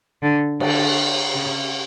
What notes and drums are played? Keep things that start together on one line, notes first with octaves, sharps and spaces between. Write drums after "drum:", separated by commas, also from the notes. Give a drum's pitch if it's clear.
D3
D3, drum: cymbal
C#3